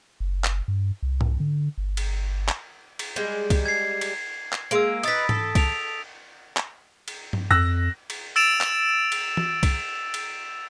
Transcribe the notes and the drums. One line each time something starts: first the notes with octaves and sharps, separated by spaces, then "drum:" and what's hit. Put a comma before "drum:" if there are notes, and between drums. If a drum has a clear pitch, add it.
F#1
drum: clap
G2
C2
drum: tom G#2
D3
G1
drum: cymbal
drum: clap
drum: cymbal
G3 G#3
drum: kick C2, cymbal
G#6 C7
drum: cymbal
drum: clap
G#3 A#3 E6 D7
D#4 B4 D#6 A6 B6, drum: cymbal
A4, drum: tom G#2
D7 F7, drum: kick C2, cymbal
drum: clap
drum: cymbal
drum: tom G2
F2 E6 F#6 A#6
drum: cymbal
E6 A6 D7 E7 F7
drum: clap
drum: cymbal
drum: tom E3
drum: kick C2, cymbal
drum: cymbal